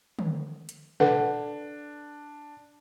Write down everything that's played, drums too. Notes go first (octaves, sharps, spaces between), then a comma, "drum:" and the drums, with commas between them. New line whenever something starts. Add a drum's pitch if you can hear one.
drum: tom
drum: hi-hat
D4 A4 B4 F#5, drum: tom